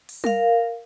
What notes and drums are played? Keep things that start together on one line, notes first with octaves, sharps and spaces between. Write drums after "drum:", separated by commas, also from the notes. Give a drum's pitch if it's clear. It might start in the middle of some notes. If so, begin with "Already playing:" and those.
drum: open hi-hat
A#4 F5, drum: tom G3